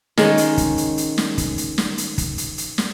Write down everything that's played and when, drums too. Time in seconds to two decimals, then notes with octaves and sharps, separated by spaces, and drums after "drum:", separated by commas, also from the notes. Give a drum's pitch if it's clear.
0.17 D#3 G#3 C#4, drum: snare
0.38 drum: hi-hat
0.58 drum: kick, hi-hat
0.78 drum: hi-hat
0.98 drum: hi-hat
1.18 drum: snare
1.38 drum: kick, hi-hat
1.58 drum: hi-hat
1.78 drum: snare
1.98 drum: hi-hat
2.18 drum: kick, hi-hat
2.38 drum: hi-hat
2.58 drum: hi-hat
2.78 drum: snare